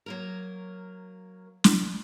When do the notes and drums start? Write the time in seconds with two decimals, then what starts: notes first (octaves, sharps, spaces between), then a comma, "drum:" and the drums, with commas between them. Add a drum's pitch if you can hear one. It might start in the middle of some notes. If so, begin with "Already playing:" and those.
0.06 F#3 A#3 A#4
1.64 drum: snare